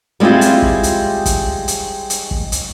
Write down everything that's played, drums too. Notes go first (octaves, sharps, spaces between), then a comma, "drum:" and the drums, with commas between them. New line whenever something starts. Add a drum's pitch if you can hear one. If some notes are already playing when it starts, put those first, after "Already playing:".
G3 G#3 C4 E4 F4
drum: hi-hat
drum: kick
drum: hi-hat
drum: kick, hi-hat
drum: hi-hat
drum: hi-hat
drum: kick
drum: hi-hat